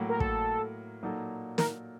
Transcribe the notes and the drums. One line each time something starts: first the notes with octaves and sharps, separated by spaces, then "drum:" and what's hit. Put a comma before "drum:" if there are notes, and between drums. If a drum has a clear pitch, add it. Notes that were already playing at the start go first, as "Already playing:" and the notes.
Already playing: A2 F#3 A#3
A#4
A4, drum: kick
A#2 F#3 A#3 D#4 A4
A#4, drum: snare